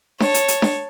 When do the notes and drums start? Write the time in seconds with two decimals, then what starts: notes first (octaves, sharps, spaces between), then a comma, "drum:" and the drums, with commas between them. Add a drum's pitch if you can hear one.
0.20 C#5 A5, drum: snare D4
0.34 drum: hi-hat
0.48 drum: hi-hat
0.62 drum: snare D4